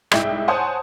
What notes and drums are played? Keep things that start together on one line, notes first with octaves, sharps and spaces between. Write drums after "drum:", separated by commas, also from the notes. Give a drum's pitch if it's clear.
C2 G#2 E4 G5, drum: rim click
C5 C#5 F#5 G#5 A5 D#6